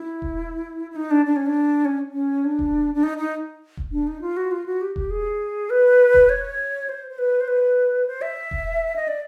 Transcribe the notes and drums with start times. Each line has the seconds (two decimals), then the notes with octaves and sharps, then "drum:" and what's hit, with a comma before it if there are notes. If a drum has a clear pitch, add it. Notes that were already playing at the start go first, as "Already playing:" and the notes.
Already playing: E4
0.22 drum: kick E1
0.91 E4
0.96 D#4
1.11 D4
1.26 D4
1.36 C#4
1.46 D4
1.85 C#4
2.12 C#4
2.44 D4
2.59 drum: kick E1
2.94 D4
3.03 D#4
3.18 D#4
3.77 drum: kick E1
3.92 D4
4.07 D#4
4.21 F4
4.37 F#4
4.51 F4
4.66 F#4
4.81 G4
4.96 G4, drum: kick E1
5.11 G#4
5.70 B4
6.14 drum: kick E1
6.29 C#5
6.89 C5
7.11 C5
7.18 B4
7.41 C5
7.48 B4
8.07 C5
8.22 E5
8.51 drum: kick E1
8.96 D#5
9.08 D5